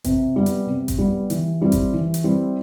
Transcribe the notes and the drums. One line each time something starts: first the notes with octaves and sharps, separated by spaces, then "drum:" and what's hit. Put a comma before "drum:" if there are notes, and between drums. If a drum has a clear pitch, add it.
C3, drum: kick G#1, hi-hat
G3 B3
drum: hi-hat
C3
drum: kick G#1, hi-hat
G3 B3
E3, drum: hi-hat
G3 C4 E4
drum: kick G#1, hi-hat
E3
drum: hi-hat
G3 C4 E4